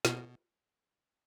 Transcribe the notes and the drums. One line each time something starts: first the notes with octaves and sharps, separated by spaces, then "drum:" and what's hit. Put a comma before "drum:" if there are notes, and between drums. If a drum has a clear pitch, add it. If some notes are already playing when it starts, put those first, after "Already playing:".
B2, drum: snare